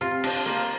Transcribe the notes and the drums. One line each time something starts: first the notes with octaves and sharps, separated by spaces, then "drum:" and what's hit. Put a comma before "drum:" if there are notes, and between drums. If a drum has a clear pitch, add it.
C3 F4
F3 D4, drum: cymbal
A#3 F4